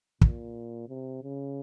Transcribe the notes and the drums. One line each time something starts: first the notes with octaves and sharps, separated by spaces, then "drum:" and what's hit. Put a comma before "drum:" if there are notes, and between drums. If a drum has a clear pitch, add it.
A#2, drum: kick
C3
C#3